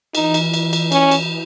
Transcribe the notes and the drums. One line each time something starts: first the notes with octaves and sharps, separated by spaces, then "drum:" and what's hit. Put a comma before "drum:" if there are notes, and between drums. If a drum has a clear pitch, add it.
E3 D#4, drum: cymbal
drum: cymbal
drum: cymbal
drum: cymbal
C#4, drum: cymbal
drum: cymbal